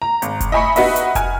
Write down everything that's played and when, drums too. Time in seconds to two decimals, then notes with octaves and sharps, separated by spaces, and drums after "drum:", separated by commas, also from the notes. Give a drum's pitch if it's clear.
0.02 A#5
0.22 G#1, drum: hi-hat
0.40 drum: kick F1, hi-hat
0.52 D#5 E5 G#5 B5 C#6 C#7
0.76 D#4 F#4 B4 D#5 E5, drum: open hi-hat
0.96 drum: hi-hat
1.15 G#5 F6, drum: kick F1, hi-hat